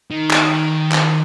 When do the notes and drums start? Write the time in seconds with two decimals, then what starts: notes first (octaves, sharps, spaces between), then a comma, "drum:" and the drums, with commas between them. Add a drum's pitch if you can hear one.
0.10 D#3
0.31 drum: clap
0.92 drum: clap